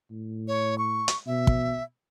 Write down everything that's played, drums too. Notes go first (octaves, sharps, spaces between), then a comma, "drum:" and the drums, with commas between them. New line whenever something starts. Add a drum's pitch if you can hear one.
A2
C#5
C#6
drum: hi-hat
B2 E5
drum: kick